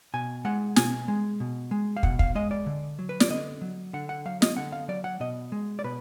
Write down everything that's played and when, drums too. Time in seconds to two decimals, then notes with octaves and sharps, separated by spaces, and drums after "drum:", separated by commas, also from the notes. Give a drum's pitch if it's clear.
0.14 B2 G#5
0.45 G#3 F#5
0.76 B2 G#5, drum: snare
1.08 G#3
1.40 B2
1.71 G#3
1.97 F5
2.03 B2 F#5, drum: kick
2.19 F5, drum: kick
2.35 G#3 D#5
2.51 D5
2.66 D3
2.99 F#3
3.09 B4
3.20 D5, drum: snare
3.30 D3 D#5
3.61 F#3
3.93 D3 F#5
4.09 F#5
4.25 F#3 F5
4.42 D#5, drum: snare
4.57 D3 F#5
4.72 F5
4.88 F#3 D5
5.04 F#5
5.20 B2 D#5
5.52 G#3
5.79 D5
5.84 B2 B4